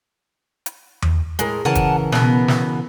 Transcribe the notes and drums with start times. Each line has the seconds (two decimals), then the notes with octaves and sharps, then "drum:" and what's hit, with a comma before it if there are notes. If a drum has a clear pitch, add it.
0.66 drum: hi-hat
1.02 drum: tom E2
1.39 A2 G#3 A#4, drum: hi-hat
1.65 C#3 E3 A#4 F#5 G#5 A5
1.75 drum: kick, hi-hat
2.12 B2 B3, drum: snare
2.48 drum: snare